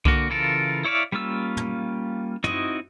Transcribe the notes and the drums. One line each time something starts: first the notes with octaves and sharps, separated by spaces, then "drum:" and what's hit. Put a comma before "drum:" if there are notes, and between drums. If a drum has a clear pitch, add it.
D3 A#3 F#4, drum: kick C2
C#3 E3 F4 A4 A#4
E4 C#5 D5 E5 F5
G3 A#3 C#4 F4 E6
drum: tom
C4 D#4 E4 F#4 D#5, drum: tom